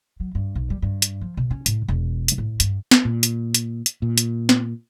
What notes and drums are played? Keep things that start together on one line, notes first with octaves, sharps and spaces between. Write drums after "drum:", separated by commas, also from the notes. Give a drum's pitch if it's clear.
F#3
G2
B1
G3
G2
drum: hi-hat
F3
B2
C#4
A2, drum: hi-hat
E1
drum: hi-hat
A2
G2, drum: hi-hat
drum: snare
A#2
drum: hi-hat
drum: hi-hat
drum: hi-hat
A#2
drum: hi-hat
drum: snare